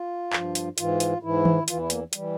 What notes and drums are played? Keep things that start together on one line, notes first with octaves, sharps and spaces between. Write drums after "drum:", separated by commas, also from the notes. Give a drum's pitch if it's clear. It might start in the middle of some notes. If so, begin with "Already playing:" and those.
Already playing: F4
G2 F3, drum: clap
drum: hi-hat
G#2 E3 F4, drum: hi-hat
drum: hi-hat
G#2 E3 E4
drum: tom D#3
E2 E3 F4, drum: hi-hat
E4
A#3, drum: hi-hat
E3 G3, drum: hi-hat